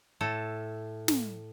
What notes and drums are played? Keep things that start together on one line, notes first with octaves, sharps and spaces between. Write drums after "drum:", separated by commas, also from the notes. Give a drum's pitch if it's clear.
A2 A4
drum: snare